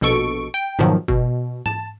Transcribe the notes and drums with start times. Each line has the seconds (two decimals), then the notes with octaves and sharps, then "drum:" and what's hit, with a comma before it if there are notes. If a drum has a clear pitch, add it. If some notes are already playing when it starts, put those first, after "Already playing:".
0.01 A#1 B2 A4 C#6 D7
0.54 G5
0.79 G#2 B2 D#3 F3 F#3
1.08 B2, drum: kick F#1
1.66 A5, drum: tom G#2